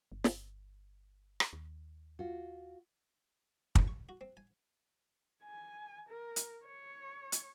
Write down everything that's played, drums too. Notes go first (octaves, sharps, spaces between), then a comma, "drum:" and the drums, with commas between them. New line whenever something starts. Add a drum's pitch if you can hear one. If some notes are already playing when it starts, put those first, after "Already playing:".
G1
drum: snare
drum: rim click
D#2
F4 F#4
G#2, drum: kick
C#6
F#4
C4
G#5
G#5
A#4
drum: hi-hat
C#5
drum: hi-hat